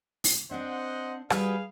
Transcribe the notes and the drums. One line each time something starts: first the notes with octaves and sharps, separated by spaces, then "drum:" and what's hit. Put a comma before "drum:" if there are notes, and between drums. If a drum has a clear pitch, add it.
drum: open hi-hat
C4 D4 C5 D#5 F#5
G3 F#4 G#4 B4 F5, drum: rim click